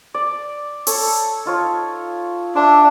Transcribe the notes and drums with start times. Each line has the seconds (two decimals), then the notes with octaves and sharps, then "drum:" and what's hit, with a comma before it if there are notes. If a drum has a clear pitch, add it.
0.14 D5
0.87 A4 C#5, drum: open hi-hat
1.45 D#4 F4 C#5
2.55 D4 E5 A5 C6